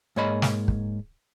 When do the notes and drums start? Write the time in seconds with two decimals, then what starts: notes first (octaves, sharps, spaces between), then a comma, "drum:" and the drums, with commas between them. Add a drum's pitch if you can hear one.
0.16 G#2 A#3 C#5 D#5 B5
0.42 drum: snare
0.68 drum: kick